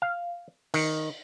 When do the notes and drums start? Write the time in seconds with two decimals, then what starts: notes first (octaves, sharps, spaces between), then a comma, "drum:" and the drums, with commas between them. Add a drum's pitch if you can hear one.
0.02 F5
0.74 D#3, drum: cymbal